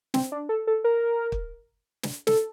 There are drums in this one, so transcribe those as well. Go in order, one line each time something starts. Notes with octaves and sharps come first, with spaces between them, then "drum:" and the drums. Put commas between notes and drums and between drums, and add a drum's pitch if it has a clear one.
C4, drum: snare
D4
A4
A4
A#4
drum: kick
drum: snare
A4, drum: snare